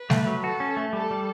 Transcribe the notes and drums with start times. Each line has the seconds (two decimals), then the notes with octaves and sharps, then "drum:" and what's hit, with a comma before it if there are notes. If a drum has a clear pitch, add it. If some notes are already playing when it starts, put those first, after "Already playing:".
Already playing: B4
0.10 A3, drum: snare
0.27 F#3
0.43 F#4 A4
0.60 C#4
0.77 A3
0.93 G3 A4
1.11 G3